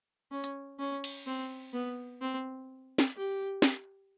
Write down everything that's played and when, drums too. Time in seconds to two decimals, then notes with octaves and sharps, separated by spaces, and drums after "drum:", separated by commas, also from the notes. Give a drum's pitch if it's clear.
0.31 C#4
0.44 drum: hi-hat
0.79 C#4
1.04 drum: cymbal
1.26 C4
1.73 B3
2.21 C4
2.98 drum: snare
3.16 G4
3.62 drum: snare